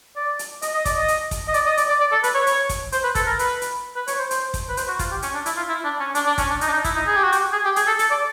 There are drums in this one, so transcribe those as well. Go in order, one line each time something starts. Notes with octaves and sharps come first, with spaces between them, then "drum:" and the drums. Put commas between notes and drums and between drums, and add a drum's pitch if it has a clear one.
D5
drum: hi-hat
D#5, drum: hi-hat
D#5
D5, drum: kick, hi-hat
D#5
drum: hi-hat
drum: kick, hi-hat
D#5
D5, drum: hi-hat
D#5
D5, drum: hi-hat
D5
D5
A4
B4, drum: hi-hat
C#5
C#5, drum: hi-hat
drum: kick, hi-hat
C5, drum: hi-hat
B4
A4, drum: kick, hi-hat
A#4
B4, drum: hi-hat
drum: hi-hat
B4
C#5, drum: hi-hat
C5
C5, drum: hi-hat
drum: kick, hi-hat
B4
C5, drum: hi-hat
F#4
F4, drum: kick, hi-hat
G4
C#4, drum: hi-hat
D4
E4, drum: hi-hat
F4
E4
D4
C#4
D4, drum: hi-hat
D4
C#4, drum: kick, hi-hat
D4
D#4, drum: hi-hat
D4
D#4
E4, drum: kick, hi-hat
D#4
G#4
G4
F#4
G4, drum: hi-hat
G#4
G4
G#4, drum: hi-hat
A4
A4, drum: hi-hat
D5